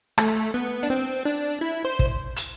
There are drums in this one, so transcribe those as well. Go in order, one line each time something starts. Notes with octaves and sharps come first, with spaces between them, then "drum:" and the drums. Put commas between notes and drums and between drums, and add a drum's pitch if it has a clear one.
A3, drum: rim click
B3
D4
C4
D4
E4
C5
drum: kick
drum: hi-hat